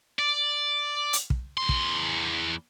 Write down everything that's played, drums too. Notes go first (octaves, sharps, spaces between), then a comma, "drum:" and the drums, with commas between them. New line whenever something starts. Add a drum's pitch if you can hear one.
D5
drum: hi-hat
drum: kick
E2 C6
drum: kick